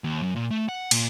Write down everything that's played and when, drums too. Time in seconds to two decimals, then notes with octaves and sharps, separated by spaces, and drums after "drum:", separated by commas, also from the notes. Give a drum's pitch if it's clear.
0.04 D#2
0.23 F#2
0.36 A#2
0.51 A3
0.69 F#5
0.91 A#2, drum: cymbal